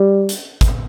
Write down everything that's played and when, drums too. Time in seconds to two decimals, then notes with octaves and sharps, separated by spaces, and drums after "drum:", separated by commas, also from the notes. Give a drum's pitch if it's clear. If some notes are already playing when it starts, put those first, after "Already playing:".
Already playing: G3
0.29 drum: hi-hat
0.61 drum: kick, hi-hat